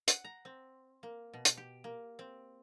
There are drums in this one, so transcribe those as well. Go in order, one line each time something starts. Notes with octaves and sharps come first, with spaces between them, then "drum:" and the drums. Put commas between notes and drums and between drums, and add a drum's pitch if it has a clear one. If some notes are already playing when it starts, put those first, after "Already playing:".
F#5, drum: hi-hat
A#5
C4
A#3
B2
drum: hi-hat
G4
A#3
C4